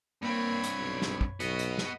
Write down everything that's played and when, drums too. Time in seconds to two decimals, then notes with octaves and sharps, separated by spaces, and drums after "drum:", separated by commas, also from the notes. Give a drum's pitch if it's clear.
0.22 G2 A#3 C4 C#5 B5
0.64 drum: hi-hat
0.78 B1
1.02 drum: snare
1.21 drum: kick
1.40 B1 B3 F#4 D#5, drum: hi-hat
1.59 drum: hi-hat
1.78 drum: snare